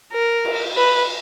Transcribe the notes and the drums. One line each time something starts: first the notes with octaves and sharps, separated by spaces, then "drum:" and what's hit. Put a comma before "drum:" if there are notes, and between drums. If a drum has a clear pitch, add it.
A#4
drum: cymbal
B4